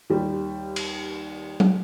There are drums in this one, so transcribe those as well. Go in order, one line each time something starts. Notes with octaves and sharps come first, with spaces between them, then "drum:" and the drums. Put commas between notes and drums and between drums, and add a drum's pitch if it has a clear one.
D#2 G3
drum: cymbal
drum: tom F#3